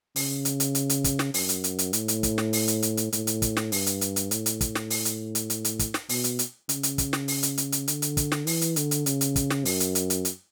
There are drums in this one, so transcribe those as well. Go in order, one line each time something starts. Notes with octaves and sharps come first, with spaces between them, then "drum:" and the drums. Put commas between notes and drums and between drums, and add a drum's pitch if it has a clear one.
C#3, drum: open hi-hat
drum: hi-hat
drum: hi-hat
drum: hi-hat
drum: hi-hat
drum: kick, hi-hat
drum: snare
F#2, drum: open hi-hat
drum: hi-hat
drum: hi-hat
drum: hi-hat
A2, drum: hi-hat
drum: hi-hat
drum: kick, hi-hat
drum: snare
drum: open hi-hat
drum: hi-hat
drum: hi-hat
drum: hi-hat
A2, drum: hi-hat
drum: hi-hat
drum: kick, hi-hat
drum: snare
G2, drum: open hi-hat
drum: hi-hat
drum: hi-hat
drum: hi-hat
A2, drum: hi-hat
drum: hi-hat
drum: kick, hi-hat
drum: snare
drum: open hi-hat
drum: hi-hat
drum: hi-hat
drum: hi-hat
drum: hi-hat
drum: kick, hi-hat
drum: snare
B2, drum: open hi-hat
drum: hi-hat
drum: hi-hat
C#3, drum: hi-hat
drum: hi-hat
drum: kick, hi-hat
drum: snare
drum: open hi-hat
drum: hi-hat
drum: hi-hat
drum: hi-hat
D3, drum: hi-hat
drum: hi-hat
drum: kick, hi-hat
drum: snare
E3, drum: open hi-hat
drum: hi-hat
D3, drum: hi-hat
drum: hi-hat
C#3, drum: hi-hat
drum: hi-hat
drum: kick, hi-hat
drum: snare
F#2, drum: open hi-hat
drum: hi-hat
drum: hi-hat
drum: hi-hat
drum: hi-hat